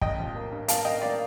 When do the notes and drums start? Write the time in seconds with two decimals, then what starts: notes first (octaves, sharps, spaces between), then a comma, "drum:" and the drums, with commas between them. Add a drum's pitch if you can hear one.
0.01 A1 D#5 G5, drum: kick
0.19 F3
0.35 A#3
0.52 G2
0.68 A#3 F5 A5, drum: hi-hat
0.85 A#3 D#5 G5
1.01 A#3 D5 F5